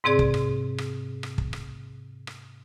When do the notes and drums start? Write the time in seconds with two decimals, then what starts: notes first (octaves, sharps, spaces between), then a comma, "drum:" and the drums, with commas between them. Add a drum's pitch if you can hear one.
0.04 G#2 C3 C4 G#4 D5
0.19 drum: kick
0.34 drum: rim click
0.78 drum: rim click
1.23 drum: rim click
1.38 drum: kick
1.53 drum: rim click
2.27 drum: rim click